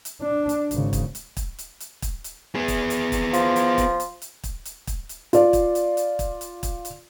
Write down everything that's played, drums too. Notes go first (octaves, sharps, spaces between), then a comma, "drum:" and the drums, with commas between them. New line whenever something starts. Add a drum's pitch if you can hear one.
drum: hi-hat
D4
drum: hi-hat
G#1 C#3, drum: hi-hat
drum: kick, hi-hat
drum: hi-hat
drum: kick, hi-hat
drum: hi-hat
drum: hi-hat
drum: kick, hi-hat
drum: hi-hat
B3 G#4
drum: kick, hi-hat
drum: hi-hat
drum: kick, hi-hat
F3, drum: hi-hat
drum: hi-hat
drum: kick, hi-hat
drum: hi-hat
drum: hi-hat
drum: kick, hi-hat
drum: hi-hat
drum: kick, hi-hat
drum: hi-hat
F4 D5, drum: hi-hat
drum: kick, hi-hat
drum: hi-hat
drum: hi-hat
drum: kick, hi-hat
drum: hi-hat
drum: kick, hi-hat
drum: hi-hat